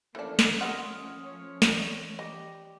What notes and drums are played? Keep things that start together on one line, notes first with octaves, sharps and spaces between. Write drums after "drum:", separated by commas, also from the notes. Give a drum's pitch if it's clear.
E3 F3 A3 A#3 C#4 D4 A4
drum: snare
A4 D#5 F#5 C6 D#6 F6
C#5
E3 C#5 D5, drum: snare
G4 D#5